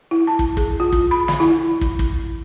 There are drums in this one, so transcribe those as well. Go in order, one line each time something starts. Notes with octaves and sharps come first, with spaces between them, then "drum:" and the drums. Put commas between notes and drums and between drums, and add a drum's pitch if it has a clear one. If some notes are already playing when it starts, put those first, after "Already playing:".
E4
A5
drum: kick
G#4, drum: kick
F4
drum: kick
B5
drum: snare
E4
drum: kick
drum: kick